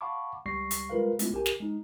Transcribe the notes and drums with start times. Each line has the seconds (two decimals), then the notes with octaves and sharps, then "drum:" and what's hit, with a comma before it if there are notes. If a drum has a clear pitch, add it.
0.01 F5 F#5 A5 B5 C#6 D6
0.46 C#2 G3 C#6 A#6 C7
0.71 drum: hi-hat
0.89 G3 G#3 F4 A#4 B4 F5
1.19 G#3 A3 B3 C#4 E4 F4, drum: hi-hat
1.33 B1 G4 A#4 G#5
1.46 drum: snare
1.60 G#3 D#4